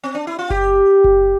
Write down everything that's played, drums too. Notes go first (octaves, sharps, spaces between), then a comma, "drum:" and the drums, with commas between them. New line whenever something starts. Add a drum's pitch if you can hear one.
C4
D4
E4
F4
G4, drum: kick F#1
drum: kick F#1